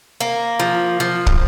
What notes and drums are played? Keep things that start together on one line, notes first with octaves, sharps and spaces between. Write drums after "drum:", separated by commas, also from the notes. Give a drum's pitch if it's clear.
A#3
F3
F3
drum: kick